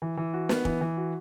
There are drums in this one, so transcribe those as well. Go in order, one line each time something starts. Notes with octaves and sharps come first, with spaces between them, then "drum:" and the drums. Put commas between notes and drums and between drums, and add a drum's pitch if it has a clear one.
E3
E3
F#4
B3, drum: snare
E3, drum: kick
E3
F#4